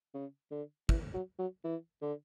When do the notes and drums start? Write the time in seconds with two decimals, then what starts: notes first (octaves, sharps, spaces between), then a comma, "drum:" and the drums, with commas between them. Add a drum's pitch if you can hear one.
0.14 C#3
0.51 D3
0.89 E3, drum: kick
1.14 F#3
1.39 F#3
1.64 E3
2.02 D3